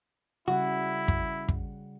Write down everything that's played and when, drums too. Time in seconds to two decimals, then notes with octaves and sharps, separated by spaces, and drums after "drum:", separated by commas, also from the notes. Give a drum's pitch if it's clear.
0.48 C#3 G3 E4 F#4 F#5
1.08 drum: kick
1.48 drum: kick